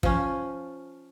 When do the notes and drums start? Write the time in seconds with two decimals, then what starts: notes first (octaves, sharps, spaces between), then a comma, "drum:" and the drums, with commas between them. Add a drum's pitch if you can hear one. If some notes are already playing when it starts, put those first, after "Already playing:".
0.03 F3 C#4, drum: kick